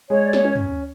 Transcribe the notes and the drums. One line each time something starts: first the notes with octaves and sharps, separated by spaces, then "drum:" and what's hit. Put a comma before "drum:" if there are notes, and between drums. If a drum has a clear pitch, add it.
G#3 C#5
D5
C#5, drum: snare
C#4
drum: tom